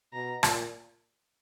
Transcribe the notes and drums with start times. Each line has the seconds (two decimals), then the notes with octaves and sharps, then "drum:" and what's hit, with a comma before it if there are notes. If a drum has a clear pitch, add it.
0.13 B2 A#5
0.43 A#2, drum: rim click